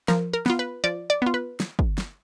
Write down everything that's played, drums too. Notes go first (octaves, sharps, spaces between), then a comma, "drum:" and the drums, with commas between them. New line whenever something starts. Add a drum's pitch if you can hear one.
F3 A#4, drum: snare
A#4
B3 F4, drum: snare
B4
F3 D5
D5
B3 F4
B4
drum: snare
drum: kick
drum: snare